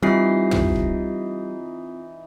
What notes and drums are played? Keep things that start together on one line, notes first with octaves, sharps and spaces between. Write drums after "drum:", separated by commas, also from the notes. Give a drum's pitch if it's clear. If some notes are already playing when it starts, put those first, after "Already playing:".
E3 G3 C4 D#4 F4 C7
drum: tom
drum: kick